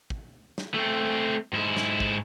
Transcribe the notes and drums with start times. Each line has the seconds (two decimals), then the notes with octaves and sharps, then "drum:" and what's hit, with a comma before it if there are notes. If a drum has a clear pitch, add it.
0.10 drum: kick
0.58 drum: snare
0.74 A3 C4
1.53 G#2 E4
1.77 drum: snare
2.00 drum: kick